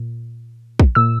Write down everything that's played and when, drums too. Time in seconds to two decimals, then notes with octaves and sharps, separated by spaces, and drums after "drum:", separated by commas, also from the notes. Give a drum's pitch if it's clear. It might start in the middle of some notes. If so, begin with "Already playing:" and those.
Already playing: A#2
0.80 drum: kick
0.95 A#2 E6